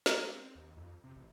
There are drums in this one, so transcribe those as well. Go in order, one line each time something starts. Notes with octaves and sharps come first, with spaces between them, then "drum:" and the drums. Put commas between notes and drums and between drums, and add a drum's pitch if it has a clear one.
G#3, drum: snare
C4
D#2
F2
C3
A1